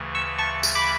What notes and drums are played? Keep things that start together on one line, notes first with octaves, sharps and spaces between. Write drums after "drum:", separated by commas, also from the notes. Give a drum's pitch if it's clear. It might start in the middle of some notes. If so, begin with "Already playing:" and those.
Already playing: D2 C#3 E3 A3
C#6 E6
A5 C#6
drum: tambourine
B5 D6